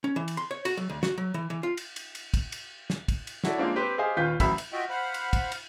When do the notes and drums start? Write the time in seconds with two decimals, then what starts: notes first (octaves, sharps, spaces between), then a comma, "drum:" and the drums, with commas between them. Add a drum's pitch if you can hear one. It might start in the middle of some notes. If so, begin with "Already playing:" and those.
0.04 C#4
0.16 E3
0.28 drum: cymbal
0.37 C6
0.51 C#5
0.65 F#4, drum: cymbal
0.77 F#3
0.90 D2
1.03 F#4, drum: snare
1.18 F#3
1.34 E3
1.50 E3
1.63 F4
1.77 drum: cymbal
1.96 drum: cymbal
2.15 drum: cymbal
2.34 drum: kick, cymbal
2.52 drum: cymbal
2.90 drum: snare
3.08 drum: kick, cymbal
3.27 drum: cymbal
3.44 E4 F#4 A4 C#5 D5, drum: snare
3.58 F3 G#3 A#3 C4 D4
3.76 C4 G4 B4 C5
3.98 G4 G#4 C5 D#5 F5 G#5
4.17 D#2 A#2 F4 B4 G6 B6
4.40 A1 F#3 E5 B5 E6 B6, drum: kick, cymbal
4.58 drum: cymbal
4.73 F4 F#4 D#5 E5 G5
4.89 C5 F5 F#5 B5
5.14 drum: cymbal
5.33 drum: kick, cymbal
5.52 drum: cymbal